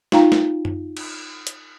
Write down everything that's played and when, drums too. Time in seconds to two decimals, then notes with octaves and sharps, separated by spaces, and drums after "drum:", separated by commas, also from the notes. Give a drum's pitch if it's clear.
0.12 D#4 F4 F5 G5 A#5, drum: snare
0.32 drum: snare
0.65 drum: tom F#2
0.97 drum: cymbal
1.47 drum: hi-hat